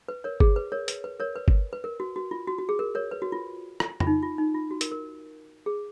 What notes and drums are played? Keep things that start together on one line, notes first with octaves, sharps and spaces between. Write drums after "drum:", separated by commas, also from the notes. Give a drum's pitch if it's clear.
B4
A#4 C#5
G#4, drum: kick G1
B4
A#4 C#5
B4, drum: hi-hat
B4
A#4 C#5
B4
drum: kick G1
B4
A#4
F#4
F#4
F4
F#4
F#4
G#4
A#4
A#4 C#5
B4
F#4
F4
drum: rim click
F4, drum: tom F2
D#4
F4
D#4
F4
F#4
A#4, drum: hi-hat
A#4
G#4